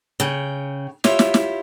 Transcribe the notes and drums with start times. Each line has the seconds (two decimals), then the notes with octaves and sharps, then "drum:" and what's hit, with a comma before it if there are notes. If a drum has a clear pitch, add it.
0.20 C#3 G5
1.04 E4 F4 G4 C#5 E5, drum: snare
1.19 drum: snare
1.34 drum: snare